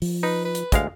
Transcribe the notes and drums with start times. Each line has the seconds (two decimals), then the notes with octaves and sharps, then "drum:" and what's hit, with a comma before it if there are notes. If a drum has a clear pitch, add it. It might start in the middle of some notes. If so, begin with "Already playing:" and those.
0.02 F3, drum: open hi-hat
0.23 D#4 B4
0.45 B4
0.55 drum: hi-hat
0.72 D2 G#3 F5, drum: kick, hi-hat